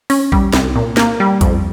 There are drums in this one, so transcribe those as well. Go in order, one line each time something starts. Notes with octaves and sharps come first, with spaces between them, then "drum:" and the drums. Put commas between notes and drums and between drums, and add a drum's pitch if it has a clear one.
C#4, drum: open hi-hat
G3, drum: kick A#1
C2, drum: snare
A#2
A#3, drum: snare
G3
F2, drum: kick A#1, hi-hat